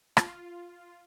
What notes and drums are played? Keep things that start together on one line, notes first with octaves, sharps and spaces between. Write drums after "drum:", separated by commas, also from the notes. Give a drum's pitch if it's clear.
F4, drum: rim click